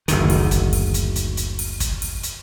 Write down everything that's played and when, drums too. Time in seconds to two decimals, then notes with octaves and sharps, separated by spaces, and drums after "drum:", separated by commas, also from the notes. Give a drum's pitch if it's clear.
0.08 F#1 D2 D#3, drum: hi-hat
0.30 drum: open hi-hat
0.51 drum: kick, hi-hat
0.73 drum: open hi-hat
0.94 drum: hi-hat
1.16 drum: hi-hat
1.37 drum: hi-hat
1.59 drum: open hi-hat
1.80 drum: kick, hi-hat
2.02 drum: open hi-hat
2.23 drum: hi-hat